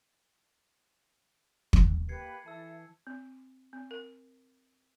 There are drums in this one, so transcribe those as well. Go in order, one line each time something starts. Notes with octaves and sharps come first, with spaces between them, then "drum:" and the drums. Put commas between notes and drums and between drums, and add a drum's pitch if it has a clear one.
drum: kick
A#3 G4 B4 G#6 C7 C#7
E3 A4 E5 A5 E6
C4
C4
A#4